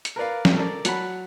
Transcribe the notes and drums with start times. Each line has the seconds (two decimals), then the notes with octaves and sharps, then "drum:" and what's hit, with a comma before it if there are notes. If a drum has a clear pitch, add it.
0.05 drum: hi-hat
0.16 A#4 B4 D5 F5
0.45 drum: snare
0.55 A4 A#4 D5
0.85 F#3 F#5 A5 B5, drum: hi-hat